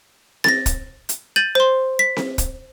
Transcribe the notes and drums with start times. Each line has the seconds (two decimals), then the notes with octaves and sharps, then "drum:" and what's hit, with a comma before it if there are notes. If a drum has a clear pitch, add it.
0.44 A6 A#6, drum: snare C4
0.66 drum: kick, hi-hat
1.09 drum: hi-hat
1.36 G6 A6 D#7 F#7
1.55 C5 C6
1.99 B6
2.17 drum: snare C4
2.38 drum: kick, hi-hat